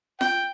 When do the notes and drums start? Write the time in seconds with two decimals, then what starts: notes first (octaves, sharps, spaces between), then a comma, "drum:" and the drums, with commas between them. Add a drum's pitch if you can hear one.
0.21 G5, drum: snare F4